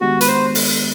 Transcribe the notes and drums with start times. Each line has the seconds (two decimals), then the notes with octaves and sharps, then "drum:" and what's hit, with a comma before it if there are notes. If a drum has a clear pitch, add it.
0.01 D#3 G#3 B3 D4 F#4 G4
0.21 B4, drum: hi-hat
0.28 C5
0.55 drum: open hi-hat